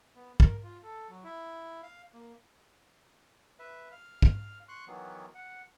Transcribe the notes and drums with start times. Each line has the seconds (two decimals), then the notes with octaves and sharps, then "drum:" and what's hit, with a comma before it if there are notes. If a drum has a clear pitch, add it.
0.15 B3
0.40 A#4, drum: kick
0.63 F4
0.83 A4
1.09 F#3
1.24 E4
1.83 F5
2.14 A#3
3.59 B4 E5
3.92 F5 F6
4.22 drum: kick
4.68 C6 C#6 F#6
4.87 D#3 E3 F#3 B3
5.35 F#5